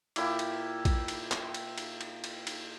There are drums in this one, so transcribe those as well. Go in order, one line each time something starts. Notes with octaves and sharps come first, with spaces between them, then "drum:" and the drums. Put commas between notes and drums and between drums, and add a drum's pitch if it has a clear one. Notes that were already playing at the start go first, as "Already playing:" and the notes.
A#2 E4 G4, drum: cymbal
drum: cymbal
drum: kick, cymbal
drum: cymbal
drum: clap
drum: cymbal
drum: cymbal
drum: cymbal
drum: cymbal
drum: cymbal